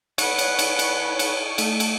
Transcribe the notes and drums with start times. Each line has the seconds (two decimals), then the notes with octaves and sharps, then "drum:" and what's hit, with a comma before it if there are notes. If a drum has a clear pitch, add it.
0.18 B4 C#5 F#5, drum: cymbal
0.38 drum: cymbal
0.59 drum: cymbal
0.79 drum: cymbal
1.19 drum: cymbal
1.58 A3, drum: cymbal
1.80 drum: cymbal